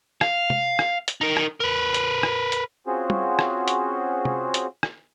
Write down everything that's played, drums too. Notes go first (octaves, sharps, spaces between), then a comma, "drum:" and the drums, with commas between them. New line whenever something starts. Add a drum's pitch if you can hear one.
F5, drum: rim click
drum: tom
drum: rim click
drum: hi-hat
D#4 A#4
drum: rim click
A#4 B4
drum: hi-hat
drum: rim click
drum: hi-hat
C4 C#4 F4 F#4 G#4 C5
drum: tom
drum: rim click
drum: hi-hat
drum: tom
drum: hi-hat
drum: rim click